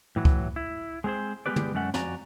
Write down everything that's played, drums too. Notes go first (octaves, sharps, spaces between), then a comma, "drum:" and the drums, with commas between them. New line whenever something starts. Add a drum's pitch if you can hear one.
A2 E3 F#3
drum: kick C#2
E4
G#3 C4 G#4 C5
G3 G#3 B3 G4 B4 D5
drum: tom D3
F#2 G#3 A3 C#4 F#5
F2 F#4 D5 G#5 A#5, drum: snare